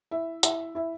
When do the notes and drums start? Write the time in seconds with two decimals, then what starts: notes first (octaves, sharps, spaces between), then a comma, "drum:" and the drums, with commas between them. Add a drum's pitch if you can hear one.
0.11 E4 E5
0.43 E4 E5, drum: hi-hat
0.75 E4 E5